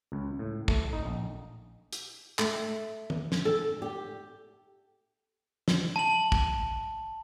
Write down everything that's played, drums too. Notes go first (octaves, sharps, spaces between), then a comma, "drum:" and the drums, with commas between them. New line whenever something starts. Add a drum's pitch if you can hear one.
C#2
A2
A3, drum: kick
D#4
A#1
drum: hi-hat
A3, drum: clap
drum: tom
drum: snare
A4
G4
drum: snare
A5 F#7
drum: kick